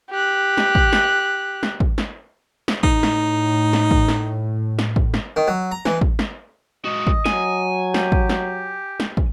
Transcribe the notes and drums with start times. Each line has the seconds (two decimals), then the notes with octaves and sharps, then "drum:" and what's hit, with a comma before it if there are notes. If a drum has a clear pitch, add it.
0.10 G4 F#6
0.58 drum: snare
0.75 drum: kick
0.93 drum: snare
1.63 drum: snare
1.80 drum: kick
1.98 drum: snare
2.68 drum: snare
2.83 A2 D#4, drum: kick
3.03 drum: snare
3.73 drum: snare
3.91 drum: kick
4.08 drum: snare
4.79 drum: snare
4.96 drum: kick
5.14 drum: snare
5.36 D#3
5.48 F#3
5.72 A#5
5.85 E3, drum: snare
6.01 drum: kick
6.19 drum: snare
6.85 G#3 F#4 D#5
7.07 drum: kick
7.26 F#3 G#5, drum: snare
7.94 G4, drum: snare
8.12 drum: kick
8.29 drum: snare
9.00 drum: snare
9.17 drum: kick